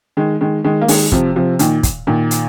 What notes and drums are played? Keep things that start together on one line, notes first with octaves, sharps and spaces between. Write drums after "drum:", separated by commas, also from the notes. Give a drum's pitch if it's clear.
D#3 G#3
D#3 G#3
D#3 G#3
A#3
D#3 G#3, drum: open hi-hat
C3 F3, drum: kick
C3 F3
A#2 D#3, drum: hi-hat
drum: kick, hi-hat
A#2 D#3
drum: hi-hat